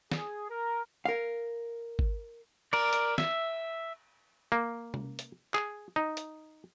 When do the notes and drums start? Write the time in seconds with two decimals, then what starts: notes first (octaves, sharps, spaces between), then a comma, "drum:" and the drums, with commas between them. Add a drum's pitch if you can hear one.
0.11 G#4, drum: snare
0.50 A#4
1.05 A#4 F5
1.99 drum: kick G#1
2.73 A#4 D5, drum: cymbal
2.93 drum: hi-hat
3.18 E5, drum: snare
4.52 A#3
4.94 drum: tom C3
5.19 drum: hi-hat
5.54 G#4, drum: clap
5.96 D#4
6.17 drum: hi-hat